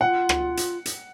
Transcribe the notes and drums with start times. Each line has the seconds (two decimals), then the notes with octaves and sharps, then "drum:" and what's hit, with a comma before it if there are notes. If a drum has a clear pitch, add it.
0.01 F4 F#5
0.29 drum: rim click
0.57 drum: hi-hat
0.85 drum: hi-hat